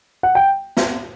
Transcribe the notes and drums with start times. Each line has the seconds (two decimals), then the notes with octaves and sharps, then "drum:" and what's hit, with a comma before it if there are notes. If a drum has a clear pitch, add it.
0.23 F#5
0.35 G5
0.77 drum: snare